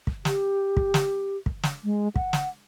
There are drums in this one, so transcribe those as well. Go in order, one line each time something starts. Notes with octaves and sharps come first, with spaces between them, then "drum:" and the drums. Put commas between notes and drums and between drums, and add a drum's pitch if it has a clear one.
drum: kick
G4, drum: snare
drum: kick
drum: snare
drum: kick
drum: snare
G#3
F#5, drum: kick
drum: snare